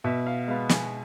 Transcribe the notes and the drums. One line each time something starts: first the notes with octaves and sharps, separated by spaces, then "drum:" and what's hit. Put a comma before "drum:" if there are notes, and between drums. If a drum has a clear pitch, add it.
B2 E5
F5
G#3 B3 F5
G#5, drum: snare